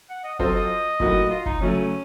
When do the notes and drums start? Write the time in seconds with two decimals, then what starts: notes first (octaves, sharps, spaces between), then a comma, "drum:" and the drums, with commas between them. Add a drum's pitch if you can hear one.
0.10 F#5
0.24 D#5
0.39 F#3 C4 F4 A4 C5 D#5, drum: kick
0.55 D#5
1.00 A2 F#3 A#3 D#4 F#4, drum: kick
1.30 F4
1.46 D#4, drum: kick
1.61 C#3 F#3 A3 C#4